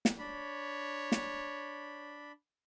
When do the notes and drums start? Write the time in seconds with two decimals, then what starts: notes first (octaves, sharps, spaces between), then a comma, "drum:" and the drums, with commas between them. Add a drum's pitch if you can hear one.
0.05 drum: snare
0.19 D4 C#5 B5
1.12 drum: snare